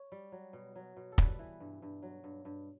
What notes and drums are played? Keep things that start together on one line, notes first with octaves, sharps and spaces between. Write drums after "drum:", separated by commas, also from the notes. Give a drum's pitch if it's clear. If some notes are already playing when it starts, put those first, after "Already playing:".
Already playing: C#5
G3
F#3
B2
F#3
B2
A4
G3 B4, drum: kick
E3
G2
G2
F#3
G2
G2